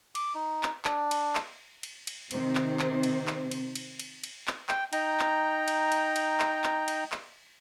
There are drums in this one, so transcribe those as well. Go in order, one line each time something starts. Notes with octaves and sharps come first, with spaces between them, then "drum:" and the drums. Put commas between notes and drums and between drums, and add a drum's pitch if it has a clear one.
D6, drum: cymbal
D#4
drum: clap
D4, drum: clap
drum: cymbal
drum: clap
drum: cymbal
drum: cymbal
C3 D#3 C4 C5, drum: cymbal
drum: clap
drum: clap
drum: cymbal
drum: clap
drum: cymbal
drum: cymbal
drum: cymbal
drum: cymbal
drum: clap
G5, drum: clap
D#4 G5 A#5, drum: cymbal
drum: clap
drum: cymbal
drum: cymbal
drum: cymbal
drum: clap
drum: clap
drum: cymbal
drum: clap